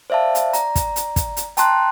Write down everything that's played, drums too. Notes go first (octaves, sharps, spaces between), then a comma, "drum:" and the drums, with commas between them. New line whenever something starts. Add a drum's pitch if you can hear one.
C5 D5 E5 F5 A5
drum: hi-hat
D5 A#5, drum: hi-hat
drum: kick, hi-hat
drum: hi-hat
drum: kick, hi-hat
drum: hi-hat
G5 A5 A#5 C6 F#6, drum: hi-hat